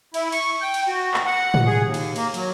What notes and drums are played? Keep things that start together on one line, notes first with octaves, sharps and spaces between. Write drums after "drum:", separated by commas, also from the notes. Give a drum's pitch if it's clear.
E4, drum: cymbal
C#6, drum: cymbal
G5
drum: cymbal
F#4
drum: clap
F#5
drum: tom
G#4
D#2
drum: cymbal
A#3, drum: cymbal
F#3, drum: cymbal